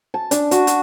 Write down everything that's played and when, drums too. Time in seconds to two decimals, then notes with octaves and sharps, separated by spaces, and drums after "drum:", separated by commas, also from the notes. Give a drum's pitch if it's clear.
0.14 A5
0.31 D4, drum: hi-hat
0.51 F#4, drum: hi-hat
0.67 drum: hi-hat